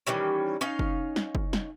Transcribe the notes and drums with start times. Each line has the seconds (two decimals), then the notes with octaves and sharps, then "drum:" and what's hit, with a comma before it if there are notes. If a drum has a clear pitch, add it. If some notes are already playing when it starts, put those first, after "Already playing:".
0.07 D#3 E3 G3 C#4
0.61 C#4 D#4 F5
0.79 drum: kick
1.16 drum: snare
1.35 drum: kick
1.53 drum: snare